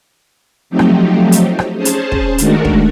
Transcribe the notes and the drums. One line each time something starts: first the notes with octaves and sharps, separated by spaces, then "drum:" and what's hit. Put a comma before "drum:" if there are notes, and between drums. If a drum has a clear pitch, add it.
F3 F#3 A3 C4 D#4 G4
drum: rim click
drum: hi-hat
drum: rim click
C#4 G#4 C5 A5
drum: hi-hat
drum: kick
D#3 G#3 A3 D4 F#4 A#4, drum: hi-hat
drum: kick